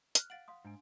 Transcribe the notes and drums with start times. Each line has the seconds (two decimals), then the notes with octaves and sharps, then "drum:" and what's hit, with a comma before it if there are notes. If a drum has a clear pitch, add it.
0.15 F6 F#6, drum: hi-hat
0.30 F5 F#5 A6 D7 F#7
0.48 F5 C6 D#6
0.65 G#2 D4 G#5